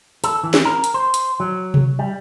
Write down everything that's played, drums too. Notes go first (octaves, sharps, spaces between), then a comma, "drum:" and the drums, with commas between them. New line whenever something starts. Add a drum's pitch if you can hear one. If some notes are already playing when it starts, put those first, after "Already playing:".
A4, drum: hi-hat
E3
drum: snare
A#4
drum: hi-hat
C5
drum: hi-hat
F#3
drum: tom C3
G3